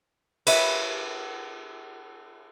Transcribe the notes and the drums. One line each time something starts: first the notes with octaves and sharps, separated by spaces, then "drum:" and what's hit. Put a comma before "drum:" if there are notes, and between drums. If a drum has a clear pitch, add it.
B4 C#5 E5, drum: cymbal